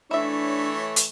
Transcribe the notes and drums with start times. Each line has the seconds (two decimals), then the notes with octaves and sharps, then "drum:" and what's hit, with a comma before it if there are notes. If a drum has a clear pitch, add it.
0.11 E3 A3 D4 E4 C#5 E5
0.96 drum: hi-hat